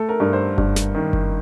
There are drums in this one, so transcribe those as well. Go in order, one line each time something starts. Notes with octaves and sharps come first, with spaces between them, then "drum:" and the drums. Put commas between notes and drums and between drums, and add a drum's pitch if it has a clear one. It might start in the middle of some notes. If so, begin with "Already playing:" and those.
Already playing: A3 A4
A#4
G2 A#4
C5
G2, drum: kick F#1
drum: snare
D#3
drum: kick F#1